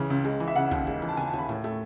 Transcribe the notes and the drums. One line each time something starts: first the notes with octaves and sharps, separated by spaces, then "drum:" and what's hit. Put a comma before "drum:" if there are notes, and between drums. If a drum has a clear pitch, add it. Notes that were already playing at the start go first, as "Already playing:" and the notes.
Already playing: C#2 C#3 E3
C#2
G#3, drum: hi-hat
E3, drum: hi-hat
E5
C#3 F#5, drum: hi-hat
D#2, drum: kick, hi-hat
G#3, drum: hi-hat
E3, drum: hi-hat
A5
C#3 G#5, drum: snare
A5
D#2 B5, drum: hi-hat
A2, drum: hi-hat
A3, drum: hi-hat